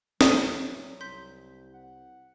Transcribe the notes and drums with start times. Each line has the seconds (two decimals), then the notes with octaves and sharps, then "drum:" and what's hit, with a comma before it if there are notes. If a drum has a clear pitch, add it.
0.21 F#3, drum: snare
1.01 C2 C6 G6 B6
1.74 F#5